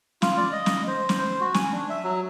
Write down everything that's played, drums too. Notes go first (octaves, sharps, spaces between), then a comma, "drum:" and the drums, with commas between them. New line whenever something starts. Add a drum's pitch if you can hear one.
F4, drum: snare
D5
D#5
drum: snare
C5
drum: snare
C5
F#4
G#5, drum: snare
D4
E5
F#3